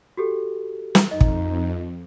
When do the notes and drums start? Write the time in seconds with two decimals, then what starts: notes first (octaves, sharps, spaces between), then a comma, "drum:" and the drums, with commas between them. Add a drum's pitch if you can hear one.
0.17 F#4 G4 A4
0.95 drum: snare
1.11 F2 D#4 D#5
1.21 drum: kick